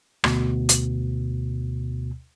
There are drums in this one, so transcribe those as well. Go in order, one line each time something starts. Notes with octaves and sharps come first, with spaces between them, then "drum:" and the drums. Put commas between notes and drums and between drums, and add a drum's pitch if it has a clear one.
D2 B2, drum: rim click
drum: hi-hat